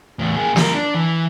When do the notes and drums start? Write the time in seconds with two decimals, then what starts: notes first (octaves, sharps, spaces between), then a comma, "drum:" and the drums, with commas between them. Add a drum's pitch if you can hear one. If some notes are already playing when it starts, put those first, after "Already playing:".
0.19 E2 A2
0.36 A#3 G#4
0.56 G3 A#4, drum: snare
0.74 D4
0.95 E3